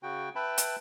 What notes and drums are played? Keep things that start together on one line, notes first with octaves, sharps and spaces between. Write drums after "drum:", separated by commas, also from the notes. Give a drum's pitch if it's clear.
C#3 F#4 G5
B4 E5 G5 A5 B5
drum: hi-hat